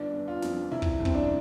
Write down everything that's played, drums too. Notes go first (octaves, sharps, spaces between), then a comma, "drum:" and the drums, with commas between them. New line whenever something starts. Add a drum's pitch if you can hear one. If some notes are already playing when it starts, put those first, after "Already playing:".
Already playing: G1 D4
G1
F4
F2, drum: snare
C2 E4
drum: kick
C2
C4, drum: kick
D4